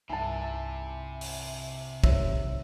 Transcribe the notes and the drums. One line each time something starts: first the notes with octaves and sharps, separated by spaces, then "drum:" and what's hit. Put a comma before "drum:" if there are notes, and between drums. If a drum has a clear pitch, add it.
C2 G2 C3 E4 G#5 A5
drum: open hi-hat
D#3 G3 C4 C#5 E5 E6, drum: kick